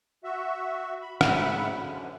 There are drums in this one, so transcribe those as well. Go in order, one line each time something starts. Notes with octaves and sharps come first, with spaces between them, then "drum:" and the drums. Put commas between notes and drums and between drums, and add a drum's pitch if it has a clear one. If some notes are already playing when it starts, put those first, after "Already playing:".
F#4 E5
B5
D2 G#2 C#3 E5 F#5 B5, drum: rim click
F#2 D3